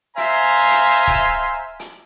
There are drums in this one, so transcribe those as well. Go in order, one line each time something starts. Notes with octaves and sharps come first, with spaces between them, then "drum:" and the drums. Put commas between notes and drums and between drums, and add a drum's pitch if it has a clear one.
C5 E5 F5 G#5 A#5 C6, drum: hi-hat
drum: hi-hat
drum: kick, hi-hat
drum: hi-hat